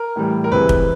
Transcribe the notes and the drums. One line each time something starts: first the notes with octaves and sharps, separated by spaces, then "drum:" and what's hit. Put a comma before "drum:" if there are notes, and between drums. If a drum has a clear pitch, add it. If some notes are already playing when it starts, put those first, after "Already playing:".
Already playing: A#4
A2 E3 G3
A#4
C2 C3 E3 G#3 B4
drum: kick